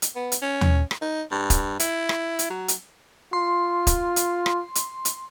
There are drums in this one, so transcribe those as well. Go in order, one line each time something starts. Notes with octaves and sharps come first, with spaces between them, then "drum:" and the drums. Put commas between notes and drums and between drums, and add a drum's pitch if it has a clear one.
drum: hi-hat
B3
drum: hi-hat
C#4
drum: tom D#2
drum: rim click
D#4
G2
drum: kick, hi-hat
E4, drum: hi-hat
drum: rim click
drum: hi-hat
F#3
drum: hi-hat
F4 C6
drum: kick, hi-hat
drum: hi-hat
drum: rim click
drum: hi-hat
drum: hi-hat